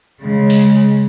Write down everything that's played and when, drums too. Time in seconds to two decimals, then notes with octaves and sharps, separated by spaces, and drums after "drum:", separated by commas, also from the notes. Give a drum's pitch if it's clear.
0.21 C#3 G#3
0.50 drum: open hi-hat